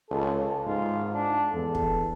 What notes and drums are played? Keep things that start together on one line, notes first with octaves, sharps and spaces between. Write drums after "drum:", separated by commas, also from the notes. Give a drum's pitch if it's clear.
C#2 A4
G#2 F4
D4
E2 A4
drum: kick